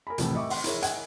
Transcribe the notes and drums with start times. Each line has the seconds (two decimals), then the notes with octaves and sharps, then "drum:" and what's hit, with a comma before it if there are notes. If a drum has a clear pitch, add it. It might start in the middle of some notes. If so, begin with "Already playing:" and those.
0.07 A#4 G#5 B5
0.18 C2 F2 A2 E3 A3, drum: hi-hat
0.34 D#5 E5 G5 C#6 D6
0.50 F#5 C6, drum: open hi-hat
0.64 E4 G#4 A#4 C#5 E5, drum: hi-hat
0.82 D#5 E5 F#5 G#5 G#6, drum: hi-hat